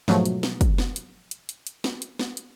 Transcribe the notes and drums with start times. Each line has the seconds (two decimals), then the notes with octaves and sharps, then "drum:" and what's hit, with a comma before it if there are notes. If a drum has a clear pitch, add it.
0.08 G#2 B2 F3 F#3 A3, drum: snare
0.26 drum: hi-hat
0.43 drum: snare
0.61 drum: kick, hi-hat
0.78 drum: snare
0.96 drum: hi-hat
1.31 drum: hi-hat
1.49 drum: hi-hat
1.67 drum: hi-hat
1.84 drum: snare
2.02 drum: hi-hat
2.19 drum: snare
2.37 drum: hi-hat